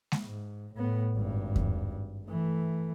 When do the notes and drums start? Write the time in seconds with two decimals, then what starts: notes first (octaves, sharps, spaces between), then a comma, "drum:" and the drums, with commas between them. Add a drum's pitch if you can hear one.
0.12 drum: snare G#3
0.24 G#2
0.74 A2 B3
1.16 G#1 G2
1.56 drum: kick E2
2.28 E3 A3